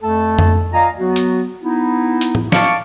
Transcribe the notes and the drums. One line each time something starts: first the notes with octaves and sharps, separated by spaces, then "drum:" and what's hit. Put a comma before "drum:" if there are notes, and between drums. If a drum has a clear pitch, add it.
F2 A3 A4 A5
drum: tom F2
F4 D5 D#5 F5 G#5 A#5
F#3 B3 F#4
drum: hi-hat
B3 D#4 E4
drum: hi-hat
drum: tom A2
F5 A5 C#6 D6, drum: snare